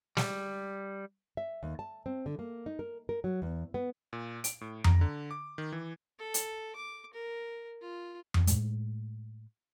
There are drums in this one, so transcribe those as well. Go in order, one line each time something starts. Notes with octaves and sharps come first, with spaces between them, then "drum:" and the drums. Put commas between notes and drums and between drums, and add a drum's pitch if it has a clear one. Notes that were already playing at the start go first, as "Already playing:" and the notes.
G3, drum: snare
E5
D#2
A5
C4
D3
A#3
D#4
A#4
A#4
F#3
E2
B3
A#2
D7, drum: hi-hat
A2
A#5, drum: tom F2
D3
D6
D#3
E3
A4
drum: hi-hat
D6
A#4
F4
drum: tom F2
A2 G#3, drum: hi-hat